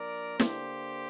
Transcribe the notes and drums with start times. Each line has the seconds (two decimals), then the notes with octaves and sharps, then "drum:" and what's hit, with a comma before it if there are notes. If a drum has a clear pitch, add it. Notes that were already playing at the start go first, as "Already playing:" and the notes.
Already playing: F3 A#3 D4 A#4 D5
0.40 D3 A#3 D4 G4 C5, drum: snare